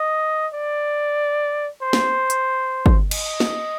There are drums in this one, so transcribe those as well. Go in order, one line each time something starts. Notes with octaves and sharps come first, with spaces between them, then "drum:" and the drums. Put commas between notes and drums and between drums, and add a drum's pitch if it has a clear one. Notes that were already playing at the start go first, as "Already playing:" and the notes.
Already playing: D#5
D5
C5
drum: snare
drum: hi-hat
drum: kick G1
D#5, drum: cymbal
drum: snare